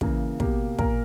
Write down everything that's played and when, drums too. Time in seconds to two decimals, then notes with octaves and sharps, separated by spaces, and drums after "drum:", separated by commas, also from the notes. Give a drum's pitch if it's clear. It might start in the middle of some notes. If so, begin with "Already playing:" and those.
0.01 C#3 E3 A#3, drum: kick
0.40 B2 A#3 G4, drum: kick
0.79 A#2 A#3 A#4, drum: kick